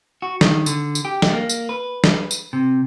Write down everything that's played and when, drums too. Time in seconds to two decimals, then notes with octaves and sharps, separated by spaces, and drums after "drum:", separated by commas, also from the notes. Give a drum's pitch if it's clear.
0.22 F#4
0.41 D#3, drum: snare
0.66 D3, drum: tambourine
0.95 drum: tambourine
1.05 G4
1.22 drum: snare
1.33 A#3
1.49 drum: tambourine
1.69 B4
2.04 drum: snare
2.31 drum: tambourine
2.53 C3